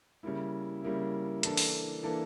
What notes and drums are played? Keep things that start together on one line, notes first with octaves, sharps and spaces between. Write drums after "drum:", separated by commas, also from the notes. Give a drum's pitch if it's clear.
C#3 G3 A#3 E4
C#3 G3 A#3 E4
E3 A#3 D4 A4, drum: hi-hat
drum: open hi-hat
E3 A#3 D4 A4